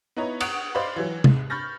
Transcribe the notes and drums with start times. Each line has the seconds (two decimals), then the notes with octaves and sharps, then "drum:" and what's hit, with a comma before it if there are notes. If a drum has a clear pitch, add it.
0.16 B3 D#4 E4 B4 C#5 A#5
0.41 F#5 C#6 D#6 F#6 D7, drum: cymbal
0.75 C5 D5 D#5 F5 B5
0.96 E3 F#3
1.24 C2 G#2, drum: tom
1.50 B5 C#6 F6 G6 A6 A#6